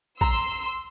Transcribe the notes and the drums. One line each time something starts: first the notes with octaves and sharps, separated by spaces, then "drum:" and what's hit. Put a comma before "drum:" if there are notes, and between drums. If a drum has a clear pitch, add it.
A#5 C6 E6, drum: kick